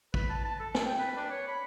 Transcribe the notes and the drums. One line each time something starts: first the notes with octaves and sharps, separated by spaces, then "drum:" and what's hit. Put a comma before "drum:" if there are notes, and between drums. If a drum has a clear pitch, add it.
B4, drum: kick
A5
A5
A4
drum: snare
G5
B4
D4
C#5
B5